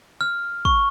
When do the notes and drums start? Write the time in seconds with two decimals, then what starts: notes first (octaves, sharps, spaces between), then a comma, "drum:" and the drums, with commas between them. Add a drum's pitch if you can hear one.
0.21 F6
0.65 C#6, drum: kick